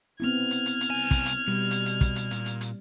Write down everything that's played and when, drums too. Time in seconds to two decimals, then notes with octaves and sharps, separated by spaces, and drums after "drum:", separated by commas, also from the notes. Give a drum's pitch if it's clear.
0.20 B3 C4 E4 F6 G#6
0.51 drum: hi-hat
0.66 drum: hi-hat
0.81 drum: hi-hat
0.90 C2 G#5
1.11 drum: kick, hi-hat
1.26 drum: hi-hat
1.48 B2 G3
1.71 drum: hi-hat
1.86 drum: hi-hat
2.01 drum: kick, hi-hat
2.16 drum: hi-hat
2.31 A#2, drum: hi-hat
2.46 drum: hi-hat
2.61 drum: hi-hat